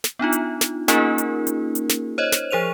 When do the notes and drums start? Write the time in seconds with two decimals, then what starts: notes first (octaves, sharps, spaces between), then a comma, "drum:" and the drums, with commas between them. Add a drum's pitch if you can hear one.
0.04 drum: snare
0.19 B3 D4 D#4 F4
0.32 drum: hi-hat
0.61 drum: snare
0.88 A#3 C#4 D#4 F4 G#4 A#4, drum: snare
1.18 drum: hi-hat
1.47 drum: hi-hat
1.75 drum: hi-hat
1.89 drum: snare
2.18 C5 C#5 D#5
2.32 drum: snare
2.51 F3 G#4 C5 D#7 F7